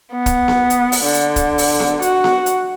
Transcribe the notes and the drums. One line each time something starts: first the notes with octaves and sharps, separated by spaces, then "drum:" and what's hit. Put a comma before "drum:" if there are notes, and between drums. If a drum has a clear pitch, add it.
B3
drum: kick, hi-hat
drum: snare B3
drum: hi-hat
drum: open hi-hat
D3
drum: hi-hat
drum: kick, hi-hat
drum: open hi-hat
drum: snare B3
F#4, drum: hi-hat
drum: snare B3
drum: hi-hat